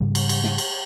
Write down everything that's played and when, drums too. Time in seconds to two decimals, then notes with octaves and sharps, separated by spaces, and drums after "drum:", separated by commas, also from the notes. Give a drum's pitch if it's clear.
0.01 G#2 C#3 G3
0.15 drum: cymbal
0.29 drum: cymbal
0.44 drum: snare
0.58 drum: cymbal